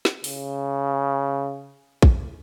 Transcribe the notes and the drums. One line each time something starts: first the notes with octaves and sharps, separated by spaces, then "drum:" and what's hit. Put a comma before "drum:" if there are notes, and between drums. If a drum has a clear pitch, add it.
drum: snare
C#3, drum: open hi-hat
drum: kick